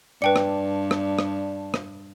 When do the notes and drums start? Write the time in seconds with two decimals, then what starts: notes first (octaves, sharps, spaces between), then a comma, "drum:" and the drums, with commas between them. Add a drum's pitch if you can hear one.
0.22 G2 B4 D5 G5 A5 C#7
0.36 drum: rim click
0.91 drum: rim click
1.19 drum: rim click
1.74 drum: rim click